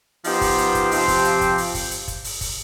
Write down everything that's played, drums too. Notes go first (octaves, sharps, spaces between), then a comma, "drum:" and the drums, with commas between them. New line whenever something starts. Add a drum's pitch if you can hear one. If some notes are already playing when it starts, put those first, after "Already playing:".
F3 B3 D#4 G4 C5, drum: open hi-hat
drum: kick, open hi-hat
drum: hi-hat
drum: kick, hi-hat
C3 F3 C4 G4 C5, drum: open hi-hat
drum: kick, open hi-hat
drum: hi-hat
drum: kick, hi-hat
drum: open hi-hat
drum: kick, open hi-hat
drum: hi-hat
drum: kick, hi-hat
drum: open hi-hat
drum: kick, open hi-hat